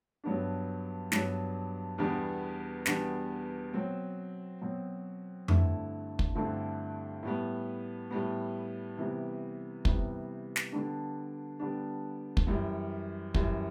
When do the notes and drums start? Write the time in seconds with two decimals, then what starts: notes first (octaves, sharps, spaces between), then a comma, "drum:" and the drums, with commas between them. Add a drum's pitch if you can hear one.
0.24 G2 F#3 B3 D4
1.12 G2 F#3 B3 D4, drum: snare
1.98 E2 B2 G3 B3 D4
2.86 E2 B2 G3 B3 D4, drum: snare
3.73 B2 F#3 C4
4.61 B2 F#3 C4
5.48 G2 D3 A3 C4 E4, drum: tom F2
6.19 drum: kick
6.35 G2 D3 A3 C4 E4
7.23 A2 G3 B3
8.11 A2 G3 B3
8.97 C3 E3 G3 B3
9.85 C3 E3 G3 B3, drum: kick
10.56 drum: snare
10.72 D3 G3 B3 D4
11.59 D3 G3 B3 D4
12.37 drum: kick
12.47 F#2 E3 G3
13.34 F#2 E3 G3, drum: kick